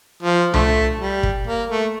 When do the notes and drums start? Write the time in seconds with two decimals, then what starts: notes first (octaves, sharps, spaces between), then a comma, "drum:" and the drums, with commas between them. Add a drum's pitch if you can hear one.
0.23 F3
0.54 D3 F3 A3, drum: tom C2
1.00 G3
1.23 drum: kick
1.47 A#3
1.69 A3